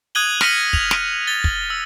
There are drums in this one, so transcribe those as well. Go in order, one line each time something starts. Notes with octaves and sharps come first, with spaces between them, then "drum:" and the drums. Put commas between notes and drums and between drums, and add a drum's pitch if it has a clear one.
D#6 F#6 G#6 D#7 F#7 G7
F6 A#6 B6 C#7 D#7 F#7, drum: snare
F7, drum: kick
drum: snare
A6 G7
drum: kick
E6